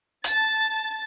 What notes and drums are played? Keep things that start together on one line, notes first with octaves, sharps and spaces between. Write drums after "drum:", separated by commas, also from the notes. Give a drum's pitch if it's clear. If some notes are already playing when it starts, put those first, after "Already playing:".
A5 A6, drum: hi-hat